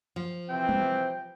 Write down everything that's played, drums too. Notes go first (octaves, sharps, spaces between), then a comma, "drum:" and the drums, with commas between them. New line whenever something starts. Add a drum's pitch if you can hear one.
F3
C3 E3 C4 G5
drum: tom G3